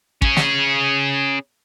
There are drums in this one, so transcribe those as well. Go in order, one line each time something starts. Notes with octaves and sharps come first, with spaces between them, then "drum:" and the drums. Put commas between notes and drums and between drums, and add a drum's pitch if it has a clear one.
C#4 G#4, drum: kick
drum: snare